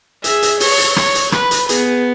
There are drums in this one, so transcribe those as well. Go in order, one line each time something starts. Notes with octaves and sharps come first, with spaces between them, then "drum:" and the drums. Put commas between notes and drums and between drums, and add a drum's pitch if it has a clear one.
G#4 E5, drum: hi-hat
drum: hi-hat
C#5, drum: open hi-hat
drum: hi-hat
C#5, drum: rim click
drum: hi-hat
B4, drum: rim click
drum: hi-hat
B3 G#4, drum: hi-hat